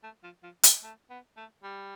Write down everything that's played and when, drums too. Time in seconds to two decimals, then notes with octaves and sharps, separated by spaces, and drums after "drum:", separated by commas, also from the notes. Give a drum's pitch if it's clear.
0.03 A3
0.23 F3
0.43 F3
0.63 G3, drum: hi-hat
0.83 A3
1.10 B3
1.37 A3
1.63 G3